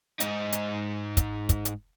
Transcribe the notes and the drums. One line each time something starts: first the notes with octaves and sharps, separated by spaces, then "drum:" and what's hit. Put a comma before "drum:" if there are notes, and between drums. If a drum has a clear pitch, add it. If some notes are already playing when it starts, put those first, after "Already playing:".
G#2 D#4, drum: hi-hat
drum: hi-hat
drum: kick, hi-hat
drum: kick, hi-hat
drum: hi-hat